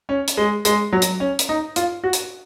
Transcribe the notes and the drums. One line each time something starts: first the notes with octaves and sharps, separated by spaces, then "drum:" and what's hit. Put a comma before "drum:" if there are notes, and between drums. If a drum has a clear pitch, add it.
C#4
drum: hi-hat
G#3
G#3, drum: hi-hat
F#3
drum: hi-hat
C#4
drum: hi-hat
D#4
F4, drum: hi-hat
F#4
drum: hi-hat